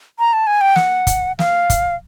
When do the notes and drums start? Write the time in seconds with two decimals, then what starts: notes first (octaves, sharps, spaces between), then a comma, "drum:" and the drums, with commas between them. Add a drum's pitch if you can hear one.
0.19 A#5
0.33 A5
0.47 G#5
0.61 G5
0.76 F#5, drum: snare
1.07 drum: kick, hi-hat
1.39 F5, drum: snare
1.70 drum: kick, hi-hat